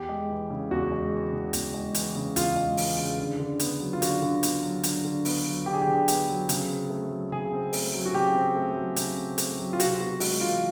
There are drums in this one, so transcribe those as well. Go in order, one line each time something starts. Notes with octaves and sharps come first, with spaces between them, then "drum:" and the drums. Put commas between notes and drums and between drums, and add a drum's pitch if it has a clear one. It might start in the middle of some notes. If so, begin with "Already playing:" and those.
Already playing: E2 G4
G#3
E3
C#3
E2 F#4
G#3
E3
C#3
E2, drum: hi-hat
G#3
E3, drum: hi-hat
C#3
E2 F4, drum: hi-hat
G#3
E3, drum: open hi-hat
C#3
D3
D3
B3, drum: hi-hat
F#3
F4
D3 F#4, drum: hi-hat
D3
B3, drum: hi-hat
F#3
D3, drum: hi-hat
D3
B3, drum: open hi-hat
F#3
D3 G4
G#4
G4
D3
B3, drum: hi-hat
F#3
C#3, drum: hi-hat
C4
A3
F#3
C#3 G#4
C4
A3, drum: open hi-hat
F#3
F#4
C#3 G4
C4
A3
F#3
C#3, drum: hi-hat
C4
A3, drum: hi-hat
F#3
F4
C3 F#4, drum: hi-hat
B3 F#4
G#3 F#4, drum: open hi-hat
E3 F4